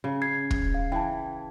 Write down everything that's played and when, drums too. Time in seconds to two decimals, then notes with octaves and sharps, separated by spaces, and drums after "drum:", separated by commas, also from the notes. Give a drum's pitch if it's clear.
0.04 C#3
0.22 G#6 C7
0.51 drum: kick
0.74 F5
0.92 E3 G5 A5